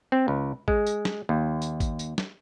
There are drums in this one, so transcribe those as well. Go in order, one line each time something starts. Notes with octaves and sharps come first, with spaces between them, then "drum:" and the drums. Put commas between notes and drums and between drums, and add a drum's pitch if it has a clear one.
C4
C#2
G#3, drum: kick G#1
drum: tambourine
drum: snare
D#2
drum: tambourine
drum: kick G#1, tambourine
drum: tambourine
drum: snare